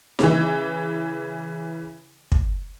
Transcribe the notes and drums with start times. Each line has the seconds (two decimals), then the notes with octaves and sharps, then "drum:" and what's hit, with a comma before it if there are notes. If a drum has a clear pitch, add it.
0.19 C#3 E3, drum: snare D#4
2.32 drum: kick